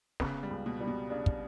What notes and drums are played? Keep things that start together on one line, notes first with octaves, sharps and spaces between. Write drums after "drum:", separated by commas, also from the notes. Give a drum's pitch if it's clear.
C#3 B3, drum: snare
G3
C#2
B2
G3
B2
C#3 D4
drum: kick